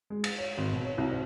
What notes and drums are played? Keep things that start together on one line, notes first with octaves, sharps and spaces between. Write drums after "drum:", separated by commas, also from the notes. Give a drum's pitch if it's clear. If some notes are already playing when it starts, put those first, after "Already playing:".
G#3
A6, drum: cymbal
C#5
G#1
B2
C#5
C2
C4